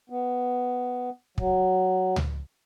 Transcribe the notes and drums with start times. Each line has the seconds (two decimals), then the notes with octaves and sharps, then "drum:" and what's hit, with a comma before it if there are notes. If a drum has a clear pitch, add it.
0.10 B3
1.38 F#3, drum: kick
2.16 drum: tom C#2